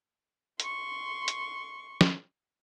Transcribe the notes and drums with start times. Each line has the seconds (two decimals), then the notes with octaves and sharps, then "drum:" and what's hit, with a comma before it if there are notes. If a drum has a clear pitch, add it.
0.60 C6 C#6, drum: hi-hat
1.28 drum: hi-hat
2.01 drum: snare